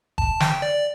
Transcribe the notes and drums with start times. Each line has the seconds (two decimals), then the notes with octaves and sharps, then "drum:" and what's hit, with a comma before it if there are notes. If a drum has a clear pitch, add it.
0.18 A5, drum: kick
0.40 G5, drum: snare
0.62 D5